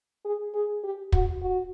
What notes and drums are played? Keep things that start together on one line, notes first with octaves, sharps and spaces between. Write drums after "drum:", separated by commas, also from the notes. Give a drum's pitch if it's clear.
G#4
G#4
G4
F#4, drum: kick
F#4